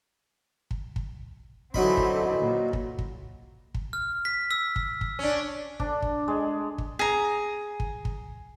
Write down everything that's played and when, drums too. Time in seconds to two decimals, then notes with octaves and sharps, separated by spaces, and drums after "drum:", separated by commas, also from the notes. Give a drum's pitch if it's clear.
0.71 drum: kick
0.96 drum: kick
1.74 D3 E3 F#3 C4 D#4 B5, drum: kick
1.97 drum: kick
2.39 A#2
2.73 drum: kick
2.99 drum: kick
3.75 drum: kick
3.93 F6
4.25 B6
4.50 E6 B6
4.76 drum: kick
5.01 drum: kick
5.19 C#4 D4
5.80 D4, drum: kick
6.02 drum: kick
6.28 G#3
6.78 drum: kick
6.99 G#4 A#5
7.80 drum: kick
8.05 drum: kick